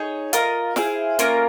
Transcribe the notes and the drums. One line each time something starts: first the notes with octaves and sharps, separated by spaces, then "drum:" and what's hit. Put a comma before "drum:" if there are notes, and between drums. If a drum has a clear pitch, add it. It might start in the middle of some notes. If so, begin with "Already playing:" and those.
Already playing: D#4 G#4 C#5
F4 A#4 D#5, drum: hi-hat
E4 G#4 C5 F5, drum: snare
A#3 C#4 F4 A#4, drum: hi-hat